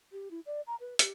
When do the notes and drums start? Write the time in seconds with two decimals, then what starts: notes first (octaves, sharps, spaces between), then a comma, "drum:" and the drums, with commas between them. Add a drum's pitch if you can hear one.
0.12 G4
0.31 E4
0.46 D5
0.67 A#5
0.80 B4
0.99 G4, drum: hi-hat